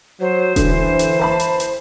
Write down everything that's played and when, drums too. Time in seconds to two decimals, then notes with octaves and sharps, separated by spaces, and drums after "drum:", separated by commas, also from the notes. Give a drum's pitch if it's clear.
0.21 F#3 C5
0.56 D3 E3, drum: kick D#1, hi-hat
0.99 drum: hi-hat
1.19 B4 A5 B5
1.40 drum: hi-hat
1.60 drum: hi-hat